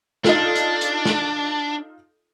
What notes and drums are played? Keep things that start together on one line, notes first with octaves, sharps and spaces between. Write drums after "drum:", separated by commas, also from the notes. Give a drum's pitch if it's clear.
D4 D#4 F4 A4, drum: snare
drum: hi-hat
drum: hi-hat
drum: snare